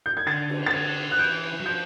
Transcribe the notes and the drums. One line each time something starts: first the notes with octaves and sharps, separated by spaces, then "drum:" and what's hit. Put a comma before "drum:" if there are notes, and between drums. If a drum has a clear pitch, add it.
G6
G#6
D3 A6
drum: cymbal
A6
D3 G#6
F#6
E3 G6
F#3
F3 G6